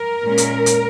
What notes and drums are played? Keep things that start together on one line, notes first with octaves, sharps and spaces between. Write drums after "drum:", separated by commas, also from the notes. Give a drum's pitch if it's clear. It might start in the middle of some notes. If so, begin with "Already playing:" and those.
Already playing: A#4
A#2 G#3 C#4
drum: hi-hat
drum: hi-hat